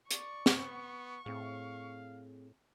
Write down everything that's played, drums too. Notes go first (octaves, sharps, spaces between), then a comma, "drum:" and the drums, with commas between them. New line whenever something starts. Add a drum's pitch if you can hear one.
D5 C#6, drum: hi-hat
drum: snare
B3
A2 C4 G#4 F5